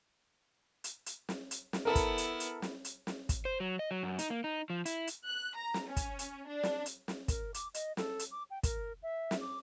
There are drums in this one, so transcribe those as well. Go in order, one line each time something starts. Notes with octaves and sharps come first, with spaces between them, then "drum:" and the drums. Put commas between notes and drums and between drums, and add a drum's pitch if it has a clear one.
drum: hi-hat
drum: hi-hat
drum: snare
drum: hi-hat
drum: snare
B3 E4 A4 A#4
drum: kick, hi-hat
drum: hi-hat
drum: hi-hat
drum: snare
drum: hi-hat
drum: snare
drum: kick, hi-hat
C5
F#3
D#5
F#3
F#2
D#4, drum: hi-hat
A#3
D#4
F3
E4, drum: hi-hat
drum: hi-hat
F#6
A#5
drum: snare
C#4
drum: kick, hi-hat
drum: hi-hat
D4
drum: snare
drum: hi-hat
drum: snare
A#4, drum: kick, hi-hat
D6, drum: hi-hat
D#5, drum: hi-hat
A4, drum: snare
drum: hi-hat
D6
G5
A#4, drum: kick, hi-hat
E5
drum: snare
D6